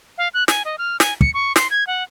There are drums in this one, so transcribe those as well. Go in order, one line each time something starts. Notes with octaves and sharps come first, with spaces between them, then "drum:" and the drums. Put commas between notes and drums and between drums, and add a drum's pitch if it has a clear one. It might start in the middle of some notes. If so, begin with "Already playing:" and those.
F5
F#6
G#5, drum: snare
D#5
F6
G#5, drum: snare
C#7, drum: kick
C#6
C6, drum: snare
G#6
F#5